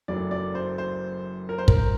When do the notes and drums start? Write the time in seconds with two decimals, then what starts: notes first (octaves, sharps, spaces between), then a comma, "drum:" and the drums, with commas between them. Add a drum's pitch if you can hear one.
0.08 F#1 F#2 F#3 A3 D5
0.31 D5
0.55 C5
0.78 C5
1.49 A#4
1.58 C5
1.68 A#4, drum: kick